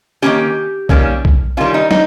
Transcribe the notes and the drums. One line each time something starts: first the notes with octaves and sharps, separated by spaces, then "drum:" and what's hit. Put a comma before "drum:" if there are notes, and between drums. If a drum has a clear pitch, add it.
D#3 G3 A#3 C#4 G4
D#3 G3 A#3 C#4, drum: kick
drum: kick
D#3 G3 A#3 C#4 F4
D#4
D#4, drum: snare